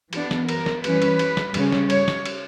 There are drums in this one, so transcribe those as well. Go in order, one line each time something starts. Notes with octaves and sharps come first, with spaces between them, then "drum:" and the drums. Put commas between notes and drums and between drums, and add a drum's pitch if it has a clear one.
E3 B3 D4, drum: cymbal
drum: snare
A#4, drum: cymbal
drum: snare
E3 G3 C#4 B4, drum: cymbal
drum: cymbal
drum: cymbal
drum: snare
C#3 G3 C#4, drum: cymbal
drum: snare
C#5, drum: cymbal
drum: snare
drum: cymbal